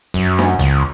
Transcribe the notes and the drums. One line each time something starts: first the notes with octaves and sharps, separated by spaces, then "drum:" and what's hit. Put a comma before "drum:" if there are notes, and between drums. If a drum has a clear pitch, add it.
F#2
drum: snare D4
C#2, drum: hi-hat